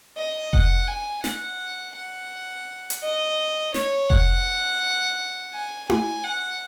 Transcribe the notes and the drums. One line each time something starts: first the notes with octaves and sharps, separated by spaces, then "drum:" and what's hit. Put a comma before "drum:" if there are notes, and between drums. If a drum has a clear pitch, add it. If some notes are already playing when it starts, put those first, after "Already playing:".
D#5
F#5, drum: kick F1
G#5
F#5, drum: snare
F#5
drum: hi-hat
D#5
C#5, drum: snare
F#5, drum: kick F1
G#5
G#5, drum: tom E4
F#5